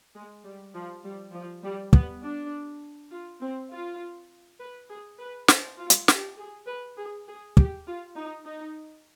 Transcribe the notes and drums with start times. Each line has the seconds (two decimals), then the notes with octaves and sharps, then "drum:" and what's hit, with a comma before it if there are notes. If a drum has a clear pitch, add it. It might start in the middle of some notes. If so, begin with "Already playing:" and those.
0.15 G#3
0.44 G3
0.74 F3
1.04 G3
1.34 F3
1.63 G3
1.93 B3, drum: kick
2.23 D4
3.11 F4
3.41 C4
3.71 F4
4.60 B4
4.90 G#4
5.19 B4
5.48 C5, drum: snare
5.78 F4
5.90 drum: hi-hat
6.08 G4, drum: snare
6.38 G#4
6.67 B4
6.98 G#4
7.28 G#4
7.57 G4, drum: kick
7.87 F4
8.16 D#4
8.46 D#4